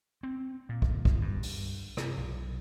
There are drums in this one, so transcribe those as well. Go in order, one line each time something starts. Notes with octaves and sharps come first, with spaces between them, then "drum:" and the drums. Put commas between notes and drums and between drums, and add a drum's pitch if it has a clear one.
C4
A#2
drum: kick
drum: kick
G2
drum: open hi-hat
C3, drum: rim click
B1